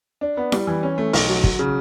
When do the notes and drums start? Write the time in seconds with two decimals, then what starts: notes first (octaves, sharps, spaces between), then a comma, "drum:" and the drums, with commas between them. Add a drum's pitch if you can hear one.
0.21 D4
0.37 B3
0.52 G3, drum: snare E4
0.67 E3
0.83 C#4
0.98 A3
1.13 B1, drum: open hi-hat
1.28 F#3
1.44 F#3, drum: kick
1.59 C#3